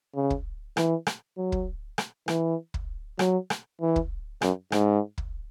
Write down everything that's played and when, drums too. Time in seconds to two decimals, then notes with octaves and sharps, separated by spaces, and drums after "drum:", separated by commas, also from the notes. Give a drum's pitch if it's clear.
0.15 C#3
0.30 drum: kick
0.77 E3, drum: rim click
1.07 drum: rim click
1.38 F#3
1.52 drum: kick
1.98 drum: rim click
2.28 E3, drum: rim click
2.74 drum: kick
3.19 F#3, drum: rim click
3.50 drum: rim click
3.81 E3
3.96 drum: kick
4.42 F#2, drum: rim click
4.72 G#2, drum: rim click
5.18 drum: kick